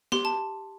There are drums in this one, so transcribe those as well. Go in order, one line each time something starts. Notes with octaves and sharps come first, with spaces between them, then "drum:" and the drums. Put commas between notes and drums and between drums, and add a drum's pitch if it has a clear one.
G4 C6, drum: snare
A5